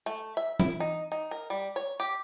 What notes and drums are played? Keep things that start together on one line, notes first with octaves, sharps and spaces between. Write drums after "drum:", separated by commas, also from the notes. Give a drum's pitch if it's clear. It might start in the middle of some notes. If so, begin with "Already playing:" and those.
A3
E5
E4, drum: tom E3
D#4
D#4
A#4
G3
C#5
G4